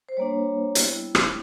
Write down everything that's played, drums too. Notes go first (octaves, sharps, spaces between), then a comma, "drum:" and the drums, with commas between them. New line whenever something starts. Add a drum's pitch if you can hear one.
C5
G3 A#3 D4 C#5
G3 B3 E4, drum: hi-hat
drum: rim click